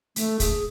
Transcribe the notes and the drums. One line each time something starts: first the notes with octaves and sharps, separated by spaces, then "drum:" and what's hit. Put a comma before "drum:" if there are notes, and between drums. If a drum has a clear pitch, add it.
A3, drum: hi-hat
G#4, drum: kick, hi-hat